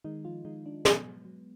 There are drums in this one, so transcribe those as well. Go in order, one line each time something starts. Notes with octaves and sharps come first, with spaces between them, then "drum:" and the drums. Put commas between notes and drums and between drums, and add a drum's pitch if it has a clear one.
D#3 G#3 D#4
F3 F4
D#3 G#3 D#4
D4
F#3 B3, drum: snare
F#3